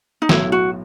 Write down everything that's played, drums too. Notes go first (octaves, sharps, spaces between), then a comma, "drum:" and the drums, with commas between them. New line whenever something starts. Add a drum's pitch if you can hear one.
D#4
B1 A2 F#3 E4, drum: snare
F#4